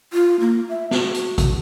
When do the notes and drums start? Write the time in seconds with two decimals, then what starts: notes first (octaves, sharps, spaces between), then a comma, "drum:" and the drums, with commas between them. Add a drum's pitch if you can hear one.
0.13 F4
0.40 A#3
0.69 E5
0.91 F#4, drum: snare
1.14 drum: hi-hat
1.38 drum: kick G#1, hi-hat